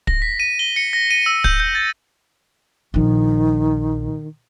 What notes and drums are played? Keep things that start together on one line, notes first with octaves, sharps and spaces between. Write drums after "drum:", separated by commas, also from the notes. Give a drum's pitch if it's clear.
A#6, drum: kick
B6
D#7
G7
C#7
A#6
D#7
E6
G6, drum: kick
G6
A6
A#1 D#3 F3